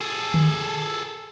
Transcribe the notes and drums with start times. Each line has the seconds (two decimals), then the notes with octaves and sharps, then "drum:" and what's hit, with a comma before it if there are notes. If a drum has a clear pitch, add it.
0.01 G#4 A4
0.34 drum: tom D3